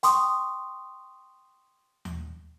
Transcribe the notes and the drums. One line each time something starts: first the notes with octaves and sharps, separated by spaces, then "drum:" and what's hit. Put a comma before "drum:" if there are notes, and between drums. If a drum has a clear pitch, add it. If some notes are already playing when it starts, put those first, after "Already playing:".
G5 C6 C#6 D#6, drum: hi-hat
drum: tom D#2